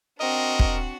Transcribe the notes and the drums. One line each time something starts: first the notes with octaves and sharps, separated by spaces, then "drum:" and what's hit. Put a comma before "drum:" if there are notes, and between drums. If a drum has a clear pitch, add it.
C4 D4 F#4 A#4 D#5
drum: kick